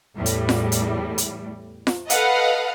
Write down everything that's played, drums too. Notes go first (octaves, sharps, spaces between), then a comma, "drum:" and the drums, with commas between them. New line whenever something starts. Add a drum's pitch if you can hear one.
E2 A2 G3
drum: hi-hat
drum: snare F4
drum: hi-hat
drum: hi-hat
drum: snare F4
A4 B4 D#5 F5 F#5, drum: hi-hat